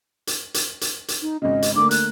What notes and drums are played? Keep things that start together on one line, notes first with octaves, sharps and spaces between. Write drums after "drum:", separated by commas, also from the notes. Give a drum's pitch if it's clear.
drum: hi-hat
drum: hi-hat
drum: hi-hat
drum: hi-hat
D#4
G#1 C#3 D#5
drum: hi-hat
D3 A3 A#3 D6
F#6, drum: hi-hat